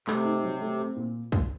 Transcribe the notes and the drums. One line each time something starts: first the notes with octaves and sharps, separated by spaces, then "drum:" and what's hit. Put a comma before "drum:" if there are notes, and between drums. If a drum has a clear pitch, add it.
C3 A3, drum: clap
D#4
F#3
A3
C4
A#2
drum: kick